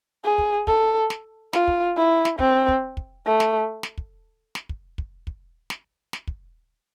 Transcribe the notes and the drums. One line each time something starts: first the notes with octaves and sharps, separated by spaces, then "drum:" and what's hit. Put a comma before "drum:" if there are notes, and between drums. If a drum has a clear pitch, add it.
G#4
drum: kick
A4, drum: kick
drum: snare
F4, drum: snare
drum: kick
E4
drum: snare
C4, drum: kick
drum: kick
drum: kick
A3
drum: snare
drum: snare
drum: kick
drum: snare
drum: kick
drum: kick
drum: kick
drum: snare
drum: snare
drum: kick